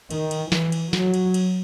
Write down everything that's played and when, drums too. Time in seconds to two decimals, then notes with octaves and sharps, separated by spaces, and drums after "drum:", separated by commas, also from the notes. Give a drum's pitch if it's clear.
0.11 D#3, drum: cymbal
0.31 drum: cymbal
0.52 E3, drum: snare
0.72 drum: cymbal
0.93 F#3, drum: snare
1.14 drum: cymbal
1.34 drum: cymbal